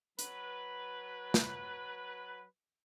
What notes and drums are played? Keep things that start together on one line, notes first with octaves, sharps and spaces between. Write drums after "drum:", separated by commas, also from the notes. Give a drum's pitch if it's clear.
F#3 B4, drum: hi-hat
drum: snare